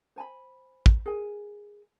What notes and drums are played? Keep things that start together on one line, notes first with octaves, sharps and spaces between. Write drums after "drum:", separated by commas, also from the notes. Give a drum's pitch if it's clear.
C5 G#5 A5 B5
drum: kick
G#4 A#4 G#5